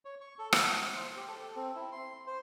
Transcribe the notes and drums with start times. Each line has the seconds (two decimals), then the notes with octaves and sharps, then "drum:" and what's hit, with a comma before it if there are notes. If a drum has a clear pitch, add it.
0.05 C#5
0.21 C#6
0.39 A4
0.53 F#5, drum: rim click
0.70 E5
0.95 C5
1.16 G4
1.28 A4
1.56 C4
1.75 E4
1.92 C6
2.27 C5